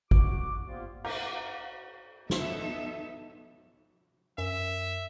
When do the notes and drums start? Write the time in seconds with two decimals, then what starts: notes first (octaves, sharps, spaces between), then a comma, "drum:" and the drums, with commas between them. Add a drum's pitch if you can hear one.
0.11 F#4 D6, drum: kick
0.67 F3 G3 A#3 B3 F4
1.05 F5 F#5 A#5 D6 G6, drum: cymbal
2.30 B3 D#4 A4 E5, drum: snare
4.38 F#2 E5